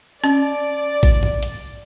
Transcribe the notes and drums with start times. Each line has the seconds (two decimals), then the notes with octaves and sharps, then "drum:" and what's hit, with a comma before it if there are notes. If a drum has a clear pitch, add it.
0.24 C#4 D5, drum: hi-hat
1.03 drum: kick A1, hi-hat
1.23 drum: tom G#2
1.43 drum: hi-hat